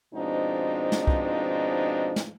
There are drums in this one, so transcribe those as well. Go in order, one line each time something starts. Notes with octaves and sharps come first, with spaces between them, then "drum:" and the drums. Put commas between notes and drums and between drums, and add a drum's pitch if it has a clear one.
G#2 B2 F3 C4 D4 D#4
drum: snare
drum: kick
drum: snare